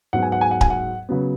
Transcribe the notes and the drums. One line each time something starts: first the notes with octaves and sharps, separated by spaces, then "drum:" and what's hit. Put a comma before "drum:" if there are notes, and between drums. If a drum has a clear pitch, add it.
G#2 F#3 B3 F#5
G#5
F#5
G#5
F#5
G#5, drum: kick D1
F#5
C#3 F#3 B3